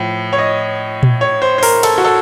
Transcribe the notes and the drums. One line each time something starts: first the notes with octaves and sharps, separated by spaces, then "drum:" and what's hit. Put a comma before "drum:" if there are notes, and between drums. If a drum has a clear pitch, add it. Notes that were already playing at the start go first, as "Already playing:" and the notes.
Already playing: A2 F3
C#5
D#5
drum: tom A#2
C#5
C5
C5
A#4, drum: open hi-hat
A4, drum: cymbal
F#4
A4